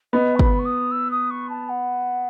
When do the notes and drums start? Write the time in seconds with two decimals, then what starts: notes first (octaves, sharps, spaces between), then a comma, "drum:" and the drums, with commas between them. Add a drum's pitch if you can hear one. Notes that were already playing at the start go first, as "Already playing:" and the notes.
0.13 B3 D#5
0.35 C#6
0.39 B5, drum: kick
0.59 C#6
0.65 D#6
0.91 E6
1.11 D#6
1.30 C#6
1.49 A5
1.69 F#5